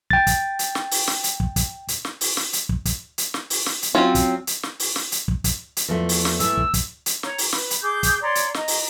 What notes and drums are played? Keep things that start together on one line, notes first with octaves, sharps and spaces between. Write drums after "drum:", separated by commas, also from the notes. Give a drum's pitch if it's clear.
G5 A6, drum: kick
drum: kick, hi-hat
drum: hi-hat
drum: snare
drum: open hi-hat
drum: snare
drum: hi-hat
drum: kick
drum: kick, hi-hat
drum: hi-hat
drum: snare
drum: open hi-hat
drum: snare
drum: hi-hat
drum: kick
drum: kick, hi-hat
drum: hi-hat
drum: snare
drum: open hi-hat
drum: snare
drum: hi-hat
F#3 C4 C#4 F4
drum: kick, hi-hat
drum: hi-hat
drum: snare
drum: open hi-hat
drum: snare
drum: hi-hat
drum: kick
drum: kick, hi-hat
drum: hi-hat
E2 F3 A3
drum: open hi-hat
drum: snare
E3 A3 E6, drum: hi-hat
drum: kick
drum: kick, hi-hat
drum: hi-hat
C#5 A#5, drum: snare
drum: open hi-hat
B4 B5, drum: snare
drum: hi-hat
G#4 D6 G6
drum: kick, hi-hat
C#5 D5 A#5 C6
drum: hi-hat
D#5 A#5, drum: snare
drum: open hi-hat